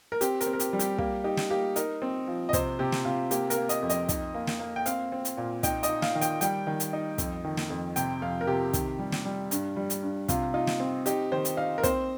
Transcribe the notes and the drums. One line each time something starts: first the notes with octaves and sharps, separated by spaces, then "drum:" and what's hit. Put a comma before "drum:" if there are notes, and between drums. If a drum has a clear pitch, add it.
A#4
C4 G4, drum: hi-hat
A#4, drum: hi-hat
C4
A#4
G4, drum: hi-hat
G3
G4, drum: hi-hat
A#3 G4, drum: kick
D#4 G4
drum: snare
A#3 G4
D#4 A#4, drum: hi-hat
C4
F3
D#5
C3 C5, drum: kick, hi-hat
C3 G4
drum: snare
C3 F4
A#3 G4, drum: hi-hat
A#4, drum: hi-hat
A#3
D#5, drum: hi-hat
F2
D#5, drum: hi-hat
D#4, drum: kick, hi-hat
A#3
drum: snare
A#3
G5
C4 F5, drum: hi-hat
C4
drum: hi-hat
A#2
D#4 G5, drum: kick, hi-hat
D#5, drum: hi-hat
D#4
F5, drum: snare
D#3
G5, drum: hi-hat
G3 G5, drum: hi-hat
D#3
drum: hi-hat
D#4
F2, drum: kick, hi-hat
D#3
drum: snare
F2
C3 G5, drum: hi-hat
F2 F5
A#4
C3 G4
D#3, drum: kick, hi-hat
G3
drum: snare
G3
G2, drum: hi-hat
G3
drum: hi-hat
G2
C3 F4, drum: kick, hi-hat
D#4 F4
drum: snare
C4
D#4 G4, drum: hi-hat
D#3 C5
drum: hi-hat
D#4 F5
A#4
C4 C5, drum: kick, hi-hat